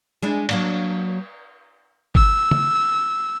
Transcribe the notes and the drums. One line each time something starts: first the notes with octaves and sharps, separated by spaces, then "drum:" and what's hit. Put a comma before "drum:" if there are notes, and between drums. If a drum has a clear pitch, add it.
G#3 D4 E4
F#3 A#3 D4, drum: cymbal
E6, drum: kick G1
drum: tom